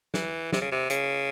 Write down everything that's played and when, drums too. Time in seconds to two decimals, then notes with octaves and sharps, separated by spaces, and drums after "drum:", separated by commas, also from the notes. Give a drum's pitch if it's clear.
0.14 E3, drum: snare
0.52 C3, drum: snare
0.61 C#3
0.72 C3
0.90 C#3, drum: hi-hat